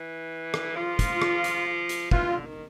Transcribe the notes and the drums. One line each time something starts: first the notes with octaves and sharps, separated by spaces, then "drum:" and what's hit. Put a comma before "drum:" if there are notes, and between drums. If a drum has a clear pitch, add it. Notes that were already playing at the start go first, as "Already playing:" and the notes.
Already playing: E3
drum: rim click
F3 F4
drum: kick, hi-hat
drum: rim click
drum: hi-hat
drum: hi-hat
E3 F4, drum: kick
D3
D#3